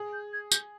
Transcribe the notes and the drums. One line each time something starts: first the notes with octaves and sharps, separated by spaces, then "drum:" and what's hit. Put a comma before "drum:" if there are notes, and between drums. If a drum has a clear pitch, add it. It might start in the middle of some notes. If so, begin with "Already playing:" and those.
Already playing: G#4
G6
G#6
G6, drum: tambourine